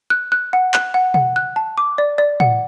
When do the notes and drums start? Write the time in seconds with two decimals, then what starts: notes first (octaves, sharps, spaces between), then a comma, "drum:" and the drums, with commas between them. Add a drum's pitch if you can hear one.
0.10 F#6
0.32 F#6
0.53 F#5
0.74 F#6, drum: clap
0.94 F#5
1.14 F#5, drum: tom B2
1.36 F#6
1.56 A5
1.78 D6
1.98 D5
2.18 D5
2.40 F#5, drum: tom A2